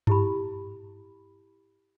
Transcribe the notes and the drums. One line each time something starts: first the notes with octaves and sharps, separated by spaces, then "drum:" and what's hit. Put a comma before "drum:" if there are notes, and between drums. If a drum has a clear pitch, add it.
E4 G4 B5, drum: tom G2